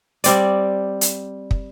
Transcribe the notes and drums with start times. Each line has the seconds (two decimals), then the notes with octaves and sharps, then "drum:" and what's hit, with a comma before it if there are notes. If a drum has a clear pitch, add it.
0.24 G3 C4 D5, drum: hi-hat
1.01 drum: hi-hat
1.51 drum: kick